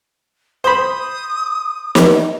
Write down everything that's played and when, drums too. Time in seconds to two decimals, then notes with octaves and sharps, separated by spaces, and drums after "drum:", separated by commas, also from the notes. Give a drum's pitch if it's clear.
0.64 C5 B5 D#6
1.95 drum: snare